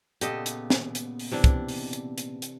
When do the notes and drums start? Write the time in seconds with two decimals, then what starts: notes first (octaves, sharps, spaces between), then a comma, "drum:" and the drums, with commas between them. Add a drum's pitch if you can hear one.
0.21 A#2 C#3 B3 G4 A4 D#5, drum: hi-hat
0.46 drum: hi-hat
0.70 drum: snare
0.95 drum: hi-hat
1.19 drum: open hi-hat
1.32 C3 E3 D4
1.44 drum: kick, hi-hat
1.69 drum: open hi-hat
1.93 drum: hi-hat
2.18 drum: hi-hat
2.42 drum: hi-hat